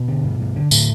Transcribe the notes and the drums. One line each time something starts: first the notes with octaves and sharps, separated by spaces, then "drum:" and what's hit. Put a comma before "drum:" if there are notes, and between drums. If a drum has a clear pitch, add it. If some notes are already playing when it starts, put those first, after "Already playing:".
Already playing: B2 B3
D3
G2
G2
D3
A2 D3 A3, drum: tambourine